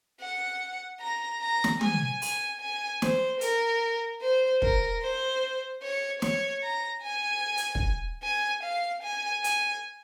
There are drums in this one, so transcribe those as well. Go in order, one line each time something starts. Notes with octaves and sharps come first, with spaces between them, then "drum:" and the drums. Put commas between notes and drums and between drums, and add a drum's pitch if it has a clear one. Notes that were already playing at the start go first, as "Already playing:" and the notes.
F#5
A#5
A#5
drum: snare
G#5, drum: tom
G#5, drum: open hi-hat
G#5
C5, drum: snare
A#4, drum: hi-hat
C5
A#4, drum: kick
C5
C#5
C#5, drum: snare
A#5
G#5
drum: hi-hat
drum: kick
G#5
F5
G#5
G#5, drum: hi-hat